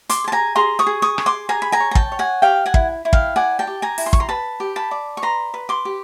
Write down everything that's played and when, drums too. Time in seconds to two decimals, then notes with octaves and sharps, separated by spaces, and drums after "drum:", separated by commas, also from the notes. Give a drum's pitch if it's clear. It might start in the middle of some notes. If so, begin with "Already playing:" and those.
0.09 C6 D6, drum: hi-hat
0.24 G#4 A5
0.32 G#5 A#5
0.56 G#4 A#5 C6
0.79 C#6 D#6
0.87 G#4
1.02 C#6 D#6
1.18 G#4, drum: rim click
1.26 C6 D6
1.49 G#4 G#5 A#5
1.62 B5
1.72 G#5 A#5
1.80 C#5
1.91 A#5
1.95 G5 A5, drum: kick
2.12 C#5
2.19 F#5 G#5
2.42 G4 F5 G5
2.66 F#5 G#5
2.74 E4, drum: kick
3.05 E4
3.13 F5 G5, drum: kick
3.36 D5 F#5 G#5
3.59 G5 A5
3.67 G4
3.82 G#5 A#5
3.98 E4, drum: open hi-hat
4.06 C6
4.13 C#6, drum: kick
4.20 A#5 C6
4.29 B4 A5 B5
4.60 G4
4.76 A5 B5
4.91 D5
5.17 C#6
5.22 B4 A#5 C6
5.54 B4
5.69 C6 D6
5.85 G4